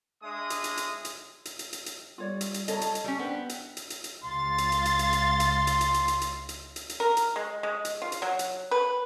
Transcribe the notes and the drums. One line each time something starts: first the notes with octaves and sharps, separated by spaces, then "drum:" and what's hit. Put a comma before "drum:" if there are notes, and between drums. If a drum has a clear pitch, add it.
G#3 D4 E5 D#6
drum: hi-hat
drum: hi-hat
drum: hi-hat
drum: hi-hat
drum: hi-hat
drum: hi-hat
drum: hi-hat
drum: hi-hat
G3 F4 C#5 D5
drum: hi-hat
drum: hi-hat
A4 C#5 D#5 A5 A#5, drum: hi-hat
drum: hi-hat
drum: hi-hat
G3 C#4
B3 D4 C5 G5
drum: hi-hat
drum: hi-hat
drum: hi-hat
drum: hi-hat
C#2 F5 C6 A6
drum: hi-hat
drum: hi-hat
drum: hi-hat
drum: hi-hat
drum: hi-hat
drum: hi-hat
drum: hi-hat
drum: hi-hat
drum: hi-hat
drum: hi-hat
drum: hi-hat
drum: hi-hat
drum: hi-hat
drum: hi-hat
A#4
drum: hi-hat
G#3
G#3
drum: hi-hat
F4
drum: hi-hat
F#3
drum: hi-hat
B4